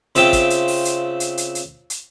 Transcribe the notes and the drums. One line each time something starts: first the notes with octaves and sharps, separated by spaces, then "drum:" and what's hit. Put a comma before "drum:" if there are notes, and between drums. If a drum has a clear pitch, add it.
C#3 C4 F4 E5 G5 A5, drum: hi-hat
drum: kick, hi-hat
drum: hi-hat
drum: open hi-hat
drum: hi-hat
drum: hi-hat
drum: hi-hat
drum: hi-hat
drum: hi-hat